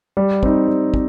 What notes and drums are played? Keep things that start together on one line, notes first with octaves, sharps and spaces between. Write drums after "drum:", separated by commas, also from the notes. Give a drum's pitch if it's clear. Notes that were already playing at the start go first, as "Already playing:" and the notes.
G3
C4 D#4, drum: kick
G3
C4, drum: kick